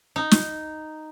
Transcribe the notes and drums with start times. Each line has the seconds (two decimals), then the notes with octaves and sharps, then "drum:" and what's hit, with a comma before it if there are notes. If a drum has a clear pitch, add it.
0.16 D#4
0.31 drum: snare